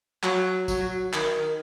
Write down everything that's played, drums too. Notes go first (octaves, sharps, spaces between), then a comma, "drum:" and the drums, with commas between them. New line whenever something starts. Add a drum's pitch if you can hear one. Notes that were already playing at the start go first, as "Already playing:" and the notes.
F#3, drum: clap
F#3, drum: kick, tambourine
D#3, drum: clap